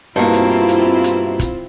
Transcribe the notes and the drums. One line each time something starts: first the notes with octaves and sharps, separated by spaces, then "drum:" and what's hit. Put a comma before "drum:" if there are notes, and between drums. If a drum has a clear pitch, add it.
G2 B2 A#3 C4 E4 F4
drum: hi-hat
drum: hi-hat
drum: hi-hat
drum: kick, hi-hat